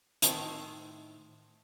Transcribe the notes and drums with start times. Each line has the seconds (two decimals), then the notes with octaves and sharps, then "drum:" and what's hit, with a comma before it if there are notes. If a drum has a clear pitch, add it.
0.22 A2 D#3 C4 C5, drum: hi-hat